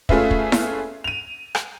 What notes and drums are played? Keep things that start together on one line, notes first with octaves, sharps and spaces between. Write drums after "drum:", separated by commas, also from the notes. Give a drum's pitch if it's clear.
A3 C#4 F4 G#4 B4 E5, drum: kick
drum: kick
drum: snare E4
D#7 F7
drum: rim click